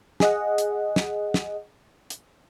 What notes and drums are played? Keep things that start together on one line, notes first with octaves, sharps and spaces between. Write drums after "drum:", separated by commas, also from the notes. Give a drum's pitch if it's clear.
G#4 D#5 F#5, drum: snare
drum: hi-hat
drum: snare
drum: snare
drum: hi-hat